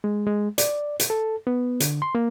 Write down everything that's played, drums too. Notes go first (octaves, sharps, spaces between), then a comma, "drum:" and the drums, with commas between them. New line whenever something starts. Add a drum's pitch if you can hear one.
G#3
G#3
D5, drum: hi-hat
drum: hi-hat
A4
B3
D3, drum: hi-hat
C6
A#3